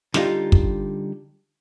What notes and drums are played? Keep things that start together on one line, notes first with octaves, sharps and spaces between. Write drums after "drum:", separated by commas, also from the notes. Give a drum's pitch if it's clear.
D3 G3 D#4 F4 G4, drum: snare
drum: kick